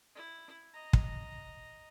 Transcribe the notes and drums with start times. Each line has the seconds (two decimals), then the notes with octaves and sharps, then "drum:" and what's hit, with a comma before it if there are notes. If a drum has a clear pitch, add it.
0.15 E4
0.73 D#5 A#5
0.93 drum: kick